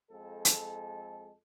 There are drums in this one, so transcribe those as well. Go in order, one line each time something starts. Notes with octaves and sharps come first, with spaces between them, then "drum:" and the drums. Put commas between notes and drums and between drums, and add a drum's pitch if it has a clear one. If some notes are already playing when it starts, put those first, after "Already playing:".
F2 G#3 A4
drum: hi-hat